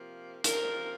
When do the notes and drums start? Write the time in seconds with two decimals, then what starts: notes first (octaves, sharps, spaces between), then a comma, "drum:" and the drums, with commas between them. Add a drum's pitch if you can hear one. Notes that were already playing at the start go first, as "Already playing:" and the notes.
Already playing: C3 F3 A#3
0.44 C3 F3 A#3 A#4, drum: hi-hat